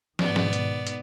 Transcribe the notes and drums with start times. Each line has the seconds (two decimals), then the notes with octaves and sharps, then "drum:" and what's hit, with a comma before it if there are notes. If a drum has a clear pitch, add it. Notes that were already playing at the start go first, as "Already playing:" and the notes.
0.19 G#2 B2 D#3 B3 D5, drum: snare
0.36 drum: snare
0.53 drum: hi-hat
0.87 drum: hi-hat